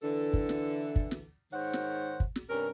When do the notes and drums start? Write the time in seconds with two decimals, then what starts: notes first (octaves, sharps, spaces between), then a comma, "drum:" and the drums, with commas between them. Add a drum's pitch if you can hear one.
0.02 D3 E3 A4
0.34 drum: kick
0.49 drum: snare
0.96 drum: kick
1.11 drum: snare
1.52 G#2 D#3 A#4 C5 C#5 F#5
1.73 drum: snare
2.20 drum: kick
2.36 drum: snare
2.49 G2 C3 C#4 A#4